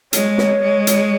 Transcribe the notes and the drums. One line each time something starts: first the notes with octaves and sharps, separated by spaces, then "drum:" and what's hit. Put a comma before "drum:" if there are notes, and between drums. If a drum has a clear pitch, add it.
G#3 C#5, drum: hi-hat
drum: snare
G#3
drum: hi-hat